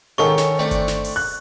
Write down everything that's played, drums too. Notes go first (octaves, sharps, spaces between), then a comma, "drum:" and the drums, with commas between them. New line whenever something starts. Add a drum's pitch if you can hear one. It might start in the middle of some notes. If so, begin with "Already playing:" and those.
G#2 D#3 C#4 A4 A#4 C#6
C#4, drum: snare
A3 C4 D4
drum: kick G1, hi-hat
drum: snare
drum: open hi-hat
F#6